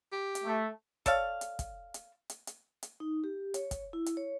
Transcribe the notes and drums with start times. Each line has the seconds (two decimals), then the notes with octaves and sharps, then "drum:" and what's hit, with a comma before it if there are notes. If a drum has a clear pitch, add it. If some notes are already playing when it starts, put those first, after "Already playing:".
0.12 G4
0.35 drum: hi-hat
0.44 A3
1.06 A4 C#5 D5 F5, drum: kick, hi-hat
1.41 drum: hi-hat
1.59 drum: kick, hi-hat
1.94 drum: hi-hat
2.30 drum: hi-hat
2.47 drum: hi-hat
2.83 drum: hi-hat
3.00 D#4
3.24 G4
3.54 C#5, drum: hi-hat
3.71 drum: kick, hi-hat
3.93 E4
4.06 drum: hi-hat
4.17 C#5